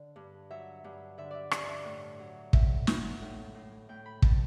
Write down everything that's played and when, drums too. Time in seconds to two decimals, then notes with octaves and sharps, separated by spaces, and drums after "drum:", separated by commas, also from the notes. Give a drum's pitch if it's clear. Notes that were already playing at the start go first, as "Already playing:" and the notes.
Already playing: D3
0.16 G2
0.50 F#3 E5
0.84 G2
1.18 D3 E5
1.31 D5 E5
1.51 G2 D5, drum: rim click
1.68 E5
1.85 A2
2.20 F#3
2.53 A2 E5, drum: kick
2.87 F#3, drum: snare
3.21 A2
3.55 A2
3.89 A2 G5
4.06 B5
4.22 A2 A5, drum: kick